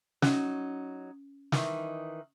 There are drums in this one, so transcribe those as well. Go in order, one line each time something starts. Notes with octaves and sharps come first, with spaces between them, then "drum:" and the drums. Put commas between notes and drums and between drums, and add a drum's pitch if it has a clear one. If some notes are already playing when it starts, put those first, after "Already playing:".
F#3 C#4 D#4, drum: snare
D#3 E3 D#4, drum: snare